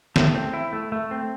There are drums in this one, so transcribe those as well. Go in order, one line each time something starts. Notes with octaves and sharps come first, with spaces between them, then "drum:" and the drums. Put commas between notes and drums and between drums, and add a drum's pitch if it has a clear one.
A3, drum: snare
C4
E4
A3
A3
C4